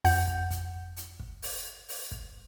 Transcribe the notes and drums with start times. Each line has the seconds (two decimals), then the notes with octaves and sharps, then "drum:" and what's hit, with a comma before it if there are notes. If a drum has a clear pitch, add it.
0.05 F2 F#5 G6, drum: open hi-hat
0.27 drum: kick
0.50 drum: kick, hi-hat
0.96 drum: hi-hat
1.19 drum: kick
1.42 drum: open hi-hat
1.88 drum: open hi-hat
2.11 drum: kick